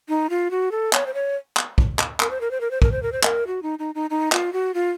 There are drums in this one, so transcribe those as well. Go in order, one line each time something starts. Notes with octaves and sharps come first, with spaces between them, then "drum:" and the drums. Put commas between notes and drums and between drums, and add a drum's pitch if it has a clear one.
D#4
F4
F#4
A4
C#5, drum: clap
C5
C#5
drum: clap
drum: kick
drum: clap
A#4, drum: clap
C5
A#4
C5
A#4
C5
A#4, drum: kick
C5
A#4
C5
A#4, drum: clap
F#4
D#4
D#4
D#4
D#4
F4, drum: clap
F#4
F4